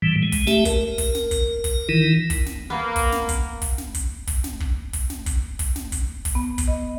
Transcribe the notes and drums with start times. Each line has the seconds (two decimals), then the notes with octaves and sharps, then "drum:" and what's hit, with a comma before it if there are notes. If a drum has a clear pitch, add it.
0.02 A2 E3 G3
0.23 G#3
0.32 drum: kick, open hi-hat
0.47 A3 G4 E5 A5, drum: snare
0.65 A#4, drum: kick, hi-hat
0.98 drum: kick, open hi-hat
1.15 drum: snare
1.31 drum: kick, hi-hat
1.64 drum: kick, open hi-hat
1.89 D#3 E3 D#4 E4
2.30 drum: kick, open hi-hat
2.46 drum: snare
2.70 A#3 B3
2.96 drum: kick, open hi-hat
3.12 drum: snare
3.29 drum: kick, hi-hat
3.62 drum: kick, open hi-hat
3.78 drum: snare
3.95 drum: kick, hi-hat
4.27 drum: kick, open hi-hat
4.44 drum: snare
4.60 drum: kick
4.93 drum: kick, open hi-hat
5.10 drum: snare
5.26 drum: kick, hi-hat
5.59 drum: kick, open hi-hat
5.76 drum: snare
5.92 drum: kick, hi-hat
6.25 drum: kick, open hi-hat
6.35 B3
6.58 drum: kick, hi-hat
6.68 D#5